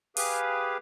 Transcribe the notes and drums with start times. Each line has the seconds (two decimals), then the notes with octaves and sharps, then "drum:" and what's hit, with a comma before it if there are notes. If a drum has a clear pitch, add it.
0.17 G4 G#4 B4 F5, drum: open hi-hat